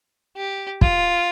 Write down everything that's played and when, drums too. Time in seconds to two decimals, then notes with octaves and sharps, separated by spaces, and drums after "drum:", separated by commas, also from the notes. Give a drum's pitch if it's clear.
0.36 G4
0.81 F4, drum: kick